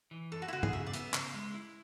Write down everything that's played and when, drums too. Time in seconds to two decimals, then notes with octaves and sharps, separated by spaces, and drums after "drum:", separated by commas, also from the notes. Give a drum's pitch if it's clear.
0.11 E3
0.32 F#2 A4
0.42 F#4
0.48 E4
0.53 C#3 F#4
0.63 G#4, drum: tom
0.73 C#3 E5
0.86 D5
0.93 B3 E5, drum: hi-hat
1.14 C#3, drum: clap
1.34 G#3
1.54 E4